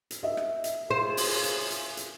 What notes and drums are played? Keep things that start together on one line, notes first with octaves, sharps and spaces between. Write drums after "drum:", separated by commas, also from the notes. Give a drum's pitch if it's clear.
drum: hi-hat
D#5 E5
drum: rim click
drum: hi-hat
C#3 F4 G#4 C5
drum: open hi-hat
drum: hi-hat
drum: hi-hat
drum: hi-hat